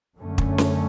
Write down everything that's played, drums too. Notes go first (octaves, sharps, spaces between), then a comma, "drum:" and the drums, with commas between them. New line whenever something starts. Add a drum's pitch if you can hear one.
F#2 D3 A3 C#4
drum: kick
drum: snare C#4